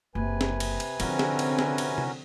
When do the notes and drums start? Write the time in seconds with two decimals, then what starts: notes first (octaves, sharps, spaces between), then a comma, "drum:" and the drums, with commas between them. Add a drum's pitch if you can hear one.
0.15 F#1 C3 B4 G#5
0.41 drum: snare
0.60 drum: cymbal
0.80 drum: cymbal
1.00 D3 F3 C4 C#4 D#4 F#4 A#4, drum: cymbal
1.19 drum: snare
1.39 drum: cymbal
1.59 drum: snare
1.78 drum: cymbal
1.98 drum: tom C3